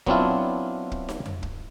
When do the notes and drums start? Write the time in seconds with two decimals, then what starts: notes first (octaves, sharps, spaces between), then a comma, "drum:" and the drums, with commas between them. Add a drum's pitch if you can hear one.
0.06 F#3 B3 C4 D4 E4 F4, drum: kick
0.92 drum: kick
1.09 drum: snare D#4
1.26 drum: tom F2
1.43 drum: kick